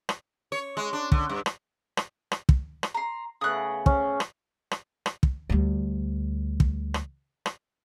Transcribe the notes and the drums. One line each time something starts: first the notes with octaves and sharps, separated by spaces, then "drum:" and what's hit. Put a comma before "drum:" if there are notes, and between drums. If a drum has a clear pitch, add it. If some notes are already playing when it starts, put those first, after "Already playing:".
drum: rim click
C#5
G#3
D4
D3, drum: kick
G2
drum: rim click
drum: rim click
drum: rim click
drum: kick
drum: rim click
A#5 C6
C#3 A3 B3 D#6 F#6
C#4, drum: kick
drum: rim click
drum: rim click
drum: rim click
drum: kick
D2 G3
drum: kick
drum: rim click
drum: rim click